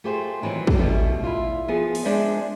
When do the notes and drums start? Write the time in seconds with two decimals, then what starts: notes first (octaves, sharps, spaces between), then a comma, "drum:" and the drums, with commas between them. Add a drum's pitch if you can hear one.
0.04 A3 F4 G4 G#4 C5
0.42 D#3 E3 F#3 C4
0.67 drum: kick
0.79 B2 G3 A3
1.24 E4 F4
1.68 F3 B3 G#4
1.95 drum: open hi-hat
2.04 G#3 D4 C5 E5 F#5